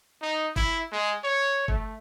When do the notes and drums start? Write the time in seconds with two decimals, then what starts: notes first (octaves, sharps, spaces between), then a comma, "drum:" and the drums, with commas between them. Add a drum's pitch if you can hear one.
0.22 D#4
0.56 E4, drum: kick, open hi-hat
0.92 G#3
1.24 C#5
1.68 A3, drum: kick